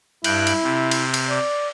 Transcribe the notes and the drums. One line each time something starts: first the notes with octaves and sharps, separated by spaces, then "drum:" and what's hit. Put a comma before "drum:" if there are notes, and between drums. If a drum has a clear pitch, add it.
G2 E4 G5 F#6, drum: cymbal
drum: cymbal
C3
drum: cymbal
drum: cymbal
D5